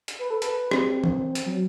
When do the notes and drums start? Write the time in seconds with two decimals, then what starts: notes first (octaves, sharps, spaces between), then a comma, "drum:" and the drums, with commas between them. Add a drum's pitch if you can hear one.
0.08 drum: hi-hat
0.19 B4
0.30 A4
0.42 B4, drum: hi-hat
0.71 C4, drum: rim click
1.04 drum: tom E3
1.35 drum: hi-hat
1.46 F#3